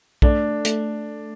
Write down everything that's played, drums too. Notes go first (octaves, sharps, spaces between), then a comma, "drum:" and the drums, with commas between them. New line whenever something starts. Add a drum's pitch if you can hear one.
A3 D4, drum: kick
A3, drum: hi-hat